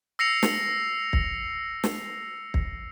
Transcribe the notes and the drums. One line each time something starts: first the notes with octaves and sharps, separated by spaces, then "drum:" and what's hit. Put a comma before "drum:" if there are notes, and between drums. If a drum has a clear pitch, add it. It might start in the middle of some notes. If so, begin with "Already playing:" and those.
E6 A#6 C7 C#7 F7
drum: snare
drum: kick
drum: snare
drum: kick